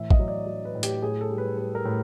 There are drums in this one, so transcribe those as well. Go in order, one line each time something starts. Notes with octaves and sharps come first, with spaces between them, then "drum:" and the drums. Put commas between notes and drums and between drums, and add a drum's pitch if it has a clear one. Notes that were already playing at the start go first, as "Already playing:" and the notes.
Already playing: A2 E3 E5
D#5, drum: kick
F#3
D5
F#3
B4
A2
G4, drum: hi-hat
A2 G#4
A4
G3
B4
G3 B4
A#4
A2